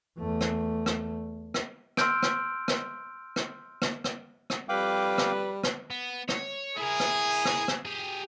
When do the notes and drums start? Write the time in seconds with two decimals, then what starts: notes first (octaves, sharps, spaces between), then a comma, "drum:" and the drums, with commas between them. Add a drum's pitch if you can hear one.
0.19 E2 A3
0.41 drum: rim click
0.86 drum: rim click
1.54 drum: rim click
1.97 C6 E6 F6 G6 D7, drum: rim click
2.23 drum: rim click
2.68 drum: rim click
3.36 drum: rim click
3.82 drum: rim click
4.04 drum: rim click
4.50 drum: rim click
4.69 F2 G3 B4 F5 G5 D6
5.18 drum: rim click
5.63 drum: rim click
5.91 B3
6.29 C#5, drum: rim click
6.77 E4 G#4 A#4
7.00 drum: rim click
7.45 drum: rim click
7.68 drum: rim click
7.85 G4 G#4